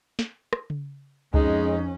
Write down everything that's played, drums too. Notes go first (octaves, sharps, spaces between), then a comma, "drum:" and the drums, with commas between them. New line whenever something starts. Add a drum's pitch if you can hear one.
drum: snare
drum: rim click
drum: tom C#3
F2 G#3 C#4 D#4, drum: kick C#2